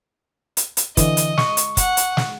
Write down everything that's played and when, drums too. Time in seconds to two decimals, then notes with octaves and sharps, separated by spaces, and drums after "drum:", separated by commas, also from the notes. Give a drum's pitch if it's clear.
0.57 drum: hi-hat
0.77 drum: hi-hat
0.97 D3 E3 D#5, drum: kick, hi-hat
1.17 drum: hi-hat
1.38 C#6, drum: snare
1.57 drum: hi-hat
1.77 F#5, drum: kick, hi-hat
1.97 drum: hi-hat
2.17 drum: snare